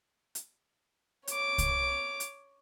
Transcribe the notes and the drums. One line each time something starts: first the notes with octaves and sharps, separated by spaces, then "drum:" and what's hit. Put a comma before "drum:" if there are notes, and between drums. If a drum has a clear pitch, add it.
drum: hi-hat
C#5 D6, drum: hi-hat
drum: kick C2, hi-hat
drum: hi-hat